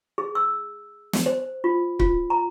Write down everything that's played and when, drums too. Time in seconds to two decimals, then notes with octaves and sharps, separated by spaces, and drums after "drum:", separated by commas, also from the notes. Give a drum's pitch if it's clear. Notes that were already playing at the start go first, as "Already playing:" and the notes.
0.18 G#4
0.35 E6
1.13 drum: snare
1.26 C5
1.64 F4
1.99 F4, drum: kick C#1
2.30 A#5